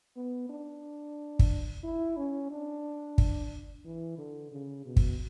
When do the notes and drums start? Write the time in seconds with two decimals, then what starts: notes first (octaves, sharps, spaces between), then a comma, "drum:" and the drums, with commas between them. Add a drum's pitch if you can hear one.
0.17 B3
0.50 D4
1.39 drum: kick
1.84 E4
2.17 C#4
2.51 D4
3.18 drum: kick
3.85 E3
4.18 D3
4.52 C#3
4.86 B2
4.96 drum: kick